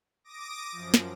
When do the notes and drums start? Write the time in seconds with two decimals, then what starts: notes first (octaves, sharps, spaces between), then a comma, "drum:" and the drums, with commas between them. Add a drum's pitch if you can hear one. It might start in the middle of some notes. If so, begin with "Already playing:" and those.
0.24 D6 D#6 A#6 D7
0.72 F#2 F3
0.94 drum: snare